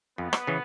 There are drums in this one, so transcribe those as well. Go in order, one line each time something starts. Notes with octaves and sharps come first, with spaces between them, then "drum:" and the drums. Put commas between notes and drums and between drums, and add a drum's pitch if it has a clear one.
F2 B3
drum: rim click
C#3 E3